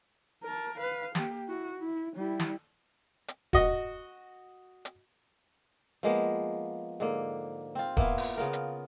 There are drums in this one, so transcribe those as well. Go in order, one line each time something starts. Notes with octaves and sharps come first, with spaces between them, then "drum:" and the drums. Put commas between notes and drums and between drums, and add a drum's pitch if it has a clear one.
A#4 A5
B4 F5
A#3 G4, drum: snare
E4 F#4
E4
G3 E4
drum: snare
drum: hi-hat
F#4 D#5, drum: kick D#1
drum: hi-hat
F3 G#3 A#3 B3
G#2 D3 A#3
C4 F4
A#3 B3 E4 F4, drum: kick D#1
drum: open hi-hat
C#3 B3 F4 A#4
drum: hi-hat